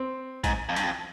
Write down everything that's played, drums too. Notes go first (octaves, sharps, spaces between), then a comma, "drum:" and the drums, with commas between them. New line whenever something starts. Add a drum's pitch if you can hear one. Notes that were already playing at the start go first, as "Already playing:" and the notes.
Already playing: C4
G#2, drum: kick A1, hi-hat
F2
G2, drum: hi-hat
F2